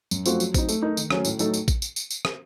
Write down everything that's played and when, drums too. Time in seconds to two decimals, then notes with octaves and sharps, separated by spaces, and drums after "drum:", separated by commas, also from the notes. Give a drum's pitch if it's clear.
0.11 F#2, drum: tambourine
0.26 F3 A3 C4 F#4, drum: tambourine
0.40 F#3, drum: tambourine
0.54 C4 D#4, drum: kick A1, tambourine
0.69 A3, drum: tambourine
0.82 D#4 A#4
0.97 D#3, drum: tambourine
1.10 F#3 A3 C#4, drum: rim click
1.25 A2, drum: tambourine
1.39 F#3 A3 D#4 A4, drum: tambourine
1.54 drum: tambourine
1.68 drum: kick A1, tambourine
1.82 drum: tambourine
1.96 drum: tambourine
2.10 drum: tambourine
2.25 drum: rim click